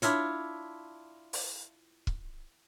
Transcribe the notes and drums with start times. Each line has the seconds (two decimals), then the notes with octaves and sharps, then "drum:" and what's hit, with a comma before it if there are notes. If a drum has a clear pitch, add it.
0.02 D4 E4 F4 C#5, drum: hi-hat
1.33 drum: open hi-hat
2.07 drum: kick